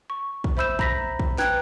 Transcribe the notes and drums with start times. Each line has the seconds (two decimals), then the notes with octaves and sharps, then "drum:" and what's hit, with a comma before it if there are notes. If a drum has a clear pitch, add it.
0.10 C#6
0.44 drum: kick
0.57 C5 E5 B5 E6 G6 E7
0.79 A#5 B5 A#6 B6, drum: kick
1.19 drum: kick
1.38 B4 G5 A#5 F#6 G#6, drum: snare